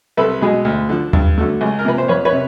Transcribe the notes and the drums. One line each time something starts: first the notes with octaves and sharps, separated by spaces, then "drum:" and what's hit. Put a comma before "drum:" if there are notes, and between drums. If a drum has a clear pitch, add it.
C2 A4 B4
B2 G#3
D2
D3 F3
G2, drum: tom D#2
D3 F#3 A3
C#2
A#4
C3 F3 A#3 B4
C5
F2 B4 C#5
B4 C#5
C3